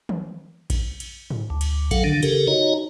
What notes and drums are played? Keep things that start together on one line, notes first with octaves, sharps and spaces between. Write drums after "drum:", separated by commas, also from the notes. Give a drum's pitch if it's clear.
drum: tom D#3
drum: kick A#1, cymbal
drum: cymbal
drum: tom G#2
D2
drum: cymbal
F#3 A4 F5 F#5, drum: kick A#1, cymbal
D3 D#3 D4
C#3 G4 A4 A#4, drum: cymbal
D#4 F#4 C#5 D#5 A#5